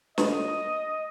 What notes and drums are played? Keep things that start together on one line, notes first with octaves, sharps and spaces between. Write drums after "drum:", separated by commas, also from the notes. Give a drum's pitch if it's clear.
D#5, drum: snare